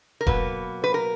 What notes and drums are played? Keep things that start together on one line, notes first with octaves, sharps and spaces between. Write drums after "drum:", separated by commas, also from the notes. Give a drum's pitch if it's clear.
A#4
B2 F#3 A#3 B4, drum: kick E1
B4
A#4